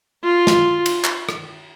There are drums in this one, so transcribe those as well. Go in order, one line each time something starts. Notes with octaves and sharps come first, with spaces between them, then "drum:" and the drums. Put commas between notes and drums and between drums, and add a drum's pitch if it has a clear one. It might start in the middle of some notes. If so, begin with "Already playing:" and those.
F4
drum: snare
drum: cymbal
drum: clap
drum: rim click